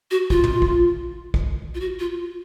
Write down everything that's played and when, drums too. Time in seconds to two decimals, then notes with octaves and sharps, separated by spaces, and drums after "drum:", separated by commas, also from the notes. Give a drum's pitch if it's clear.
0.11 F#4
0.30 F4, drum: kick
0.44 drum: tom
0.62 drum: kick
1.34 drum: kick
1.75 F4
1.80 F#4
1.99 F4